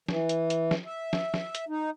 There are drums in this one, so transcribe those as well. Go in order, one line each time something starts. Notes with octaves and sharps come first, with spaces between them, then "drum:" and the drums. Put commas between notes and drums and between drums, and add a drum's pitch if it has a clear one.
E3, drum: snare
drum: hi-hat
drum: hi-hat
drum: snare
E5
drum: snare
drum: snare
drum: hi-hat
D#4